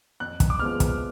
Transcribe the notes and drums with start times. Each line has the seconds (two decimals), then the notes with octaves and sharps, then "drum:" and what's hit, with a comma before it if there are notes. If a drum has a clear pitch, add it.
0.20 F2 F#6
0.40 drum: kick, hi-hat
0.50 D6
0.59 F3 G#3 B3 F6
0.80 drum: kick, hi-hat